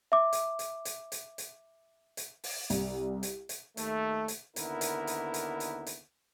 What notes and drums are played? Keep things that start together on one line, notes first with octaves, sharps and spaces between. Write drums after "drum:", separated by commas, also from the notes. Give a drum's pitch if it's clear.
E5 D6
drum: hi-hat
drum: hi-hat
drum: hi-hat
drum: hi-hat
drum: hi-hat
drum: hi-hat
drum: open hi-hat
C2, drum: hi-hat
drum: hi-hat
drum: hi-hat
D#2 A3, drum: hi-hat
drum: hi-hat
D#2 D3 B3 E4 A#4, drum: hi-hat
drum: hi-hat
drum: hi-hat
drum: hi-hat
drum: hi-hat
drum: hi-hat